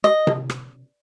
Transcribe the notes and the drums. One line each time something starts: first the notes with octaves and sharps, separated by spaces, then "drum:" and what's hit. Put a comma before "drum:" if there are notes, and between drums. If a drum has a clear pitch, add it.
D#5
drum: tom C3
drum: rim click